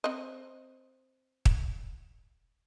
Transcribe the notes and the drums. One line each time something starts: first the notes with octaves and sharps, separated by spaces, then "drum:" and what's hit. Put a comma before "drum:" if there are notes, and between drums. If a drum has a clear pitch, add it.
C4 D#5
drum: kick